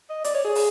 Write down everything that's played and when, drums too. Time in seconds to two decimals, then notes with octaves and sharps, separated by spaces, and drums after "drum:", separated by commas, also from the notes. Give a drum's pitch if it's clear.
0.10 D#5
0.24 D5, drum: hi-hat
0.34 C#5
0.45 G#4
0.55 drum: open hi-hat